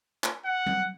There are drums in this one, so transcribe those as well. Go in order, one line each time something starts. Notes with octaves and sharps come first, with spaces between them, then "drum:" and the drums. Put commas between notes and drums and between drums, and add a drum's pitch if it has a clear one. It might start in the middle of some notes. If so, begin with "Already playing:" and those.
drum: clap
F#5
drum: tom F#3